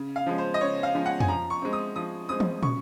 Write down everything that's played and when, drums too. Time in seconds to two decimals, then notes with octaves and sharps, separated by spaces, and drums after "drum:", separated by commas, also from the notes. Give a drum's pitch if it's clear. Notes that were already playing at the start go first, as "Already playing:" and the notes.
Already playing: C#3
0.16 F5
0.26 F3 G#3 C#4
0.38 C5
0.54 D#5
0.60 C#3 C#5
0.83 F5
0.95 F3 G#3 C#4
1.06 F#5
1.20 G#5, drum: tom F2
1.28 F3 A#5
1.50 C#6
1.62 G#3 C4
1.73 D#6
1.96 F3 D#6
2.29 G#3 C4 D#6
2.40 drum: tom
2.63 C#3 C#6, drum: tom